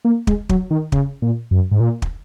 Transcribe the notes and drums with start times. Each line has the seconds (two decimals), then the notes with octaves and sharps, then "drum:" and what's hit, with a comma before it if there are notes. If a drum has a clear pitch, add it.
0.05 A#3
0.27 G#3, drum: kick
0.49 F#3, drum: kick
0.71 D#3
0.92 C#3, drum: kick
1.22 A#2
1.51 F#2
1.71 G#2
1.80 A#2
2.02 drum: kick